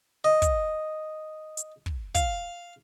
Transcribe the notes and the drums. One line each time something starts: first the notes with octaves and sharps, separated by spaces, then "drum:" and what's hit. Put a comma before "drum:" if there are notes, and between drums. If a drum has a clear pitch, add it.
D#5
drum: kick, hi-hat
drum: hi-hat
drum: kick
F5, drum: kick, hi-hat